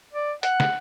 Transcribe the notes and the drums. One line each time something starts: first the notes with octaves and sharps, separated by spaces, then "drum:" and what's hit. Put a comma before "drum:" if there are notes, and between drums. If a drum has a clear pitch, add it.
D5
F#5, drum: hi-hat
drum: snare